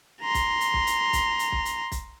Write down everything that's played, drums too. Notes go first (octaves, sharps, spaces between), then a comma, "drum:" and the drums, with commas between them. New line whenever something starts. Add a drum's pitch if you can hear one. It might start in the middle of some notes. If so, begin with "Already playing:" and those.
A#5 C6
drum: kick, hi-hat
drum: hi-hat
drum: kick
drum: hi-hat
drum: kick, hi-hat
drum: hi-hat
drum: kick
drum: hi-hat
drum: kick, hi-hat